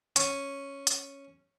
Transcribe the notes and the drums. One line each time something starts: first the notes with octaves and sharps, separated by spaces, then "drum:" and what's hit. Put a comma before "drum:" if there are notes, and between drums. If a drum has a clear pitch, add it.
C#4, drum: hi-hat
drum: hi-hat